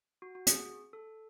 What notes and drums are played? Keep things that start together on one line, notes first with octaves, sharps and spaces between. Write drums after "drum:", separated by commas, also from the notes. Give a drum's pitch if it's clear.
F#4
F#4
G#4, drum: hi-hat
A4